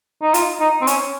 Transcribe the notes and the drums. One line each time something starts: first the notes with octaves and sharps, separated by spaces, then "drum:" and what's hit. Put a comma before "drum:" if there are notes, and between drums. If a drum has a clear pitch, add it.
D#4
F4, drum: hi-hat
D#4
C4
C#4, drum: hi-hat